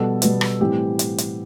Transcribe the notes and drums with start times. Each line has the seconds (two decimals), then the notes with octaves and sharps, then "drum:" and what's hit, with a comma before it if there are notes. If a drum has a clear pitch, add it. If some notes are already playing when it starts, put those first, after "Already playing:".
Already playing: B2 G3 B3 A4
0.22 B2 G3 B3, drum: hi-hat
0.41 drum: rim click
0.60 A2 E3 G3 C4 G4
0.99 drum: hi-hat
1.18 drum: hi-hat